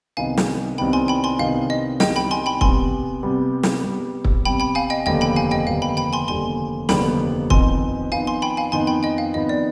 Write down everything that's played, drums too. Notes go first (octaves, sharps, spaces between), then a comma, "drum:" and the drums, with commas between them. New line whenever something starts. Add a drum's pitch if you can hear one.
C2 C3 D#3 B3 F5 G#5
drum: snare
C2 C3 D#3 B3 G5 B5
G#5 C6
G5 B5
G#5 C6
C2 C3 D#3 B3 F5
D#5
C2 C3 D#3 B3 D#5 G5, drum: snare
G5 B5
G#5 C6
G5 B5
C3 G3 B3 G#5 C6, drum: kick
C3 G3 B3
drum: snare
C3 G3 B3
drum: kick
C3 G3 B3 G5 B5
G5 B5
F5 G#5
D#5 G5
F1 D#2 D3 G3 B3 D#5 G5
G5 B5
F5 G#5
D#5 G5
F1 D#2 D3 G3 B3 F5
G5 B5
G5 B5
G#5 C6
F1 D#2 D3 G3 B3 G#5 C6
F1 D#2 D3 G3 B3 G5 B5, drum: snare
F2 D#3 B3 D#4 G#5 C6, drum: kick
F2 D#3 B3 D#4 F5 G#5
G#5 C6
G5 B5
F5 G#5
F2 D#3 B3 D#4 G#5 C6
G5 B5
D#5 G5
F5
F2 D#3 B3 D#4 D#5
D5